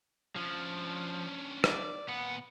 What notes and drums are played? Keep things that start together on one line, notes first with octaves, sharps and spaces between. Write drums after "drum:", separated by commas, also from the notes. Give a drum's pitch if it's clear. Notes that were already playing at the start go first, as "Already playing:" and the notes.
F3 C#4 D4
D5, drum: rim click
A#2 B3 F#5